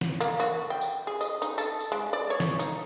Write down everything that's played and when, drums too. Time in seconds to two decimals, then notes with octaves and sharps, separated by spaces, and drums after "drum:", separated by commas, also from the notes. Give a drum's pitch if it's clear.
0.01 drum: snare
0.20 A#3, drum: tambourine
0.40 F#4, drum: tambourine
0.70 G5
0.81 drum: tambourine
1.07 G#4
1.21 D#5, drum: tambourine
1.42 D#4, drum: tambourine
1.58 A4, drum: tambourine
1.80 drum: tambourine
1.92 G#3
2.13 D5
2.30 C#5
2.40 drum: snare
2.59 D#4, drum: tambourine